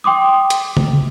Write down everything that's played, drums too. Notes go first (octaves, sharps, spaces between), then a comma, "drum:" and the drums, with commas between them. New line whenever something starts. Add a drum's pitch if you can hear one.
G5 C6 D6 D#6
drum: hi-hat
drum: tom C#3